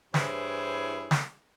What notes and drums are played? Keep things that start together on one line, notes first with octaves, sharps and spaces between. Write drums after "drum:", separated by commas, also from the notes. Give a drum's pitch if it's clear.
G2 E3 E4 G#4 C5 C#5, drum: snare
drum: snare